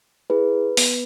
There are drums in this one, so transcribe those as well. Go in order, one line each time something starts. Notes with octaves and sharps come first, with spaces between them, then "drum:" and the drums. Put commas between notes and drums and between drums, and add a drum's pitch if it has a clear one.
E4 G#4 B4
B3, drum: open hi-hat